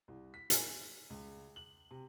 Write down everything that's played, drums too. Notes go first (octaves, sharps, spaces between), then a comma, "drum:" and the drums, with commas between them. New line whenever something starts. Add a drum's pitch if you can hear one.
C2
B6
G#5, drum: hi-hat
C#2
F#7
C3